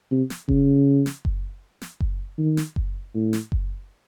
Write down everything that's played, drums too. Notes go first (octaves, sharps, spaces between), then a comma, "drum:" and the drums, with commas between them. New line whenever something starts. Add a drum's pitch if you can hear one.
C3
drum: snare
C#3, drum: kick F#1
drum: snare
drum: kick F#1
drum: snare
drum: kick F#1
D#3
drum: snare
drum: kick F#1
A2
drum: snare
drum: kick F#1